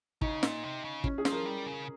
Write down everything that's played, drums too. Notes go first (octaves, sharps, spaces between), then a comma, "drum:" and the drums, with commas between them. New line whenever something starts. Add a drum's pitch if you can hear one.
C#3 D#4, drum: kick
A#2, drum: snare
C3
C#3
C#4, drum: kick
G#4
F3, drum: snare
A#4
G3
C#3